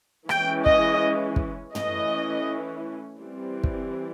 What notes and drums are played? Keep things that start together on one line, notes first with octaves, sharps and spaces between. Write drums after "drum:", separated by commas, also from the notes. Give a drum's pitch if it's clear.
E3 G#3 C#4 G5, drum: rim click
D#5, drum: kick
drum: kick
E3 A3 C#4 D#5, drum: tom
E3 G3 C4
drum: kick